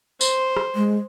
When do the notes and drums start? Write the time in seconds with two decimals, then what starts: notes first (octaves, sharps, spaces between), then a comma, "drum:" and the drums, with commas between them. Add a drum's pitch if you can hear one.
0.21 C5, drum: tambourine
0.57 drum: rim click
0.75 G#3